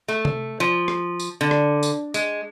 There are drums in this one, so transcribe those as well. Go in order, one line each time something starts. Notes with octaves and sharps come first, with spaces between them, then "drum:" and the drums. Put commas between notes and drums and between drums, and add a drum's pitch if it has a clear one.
A3
drum: tom C3
F3
drum: rim click
drum: tambourine
D3
drum: rim click
drum: tambourine
G#3, drum: tambourine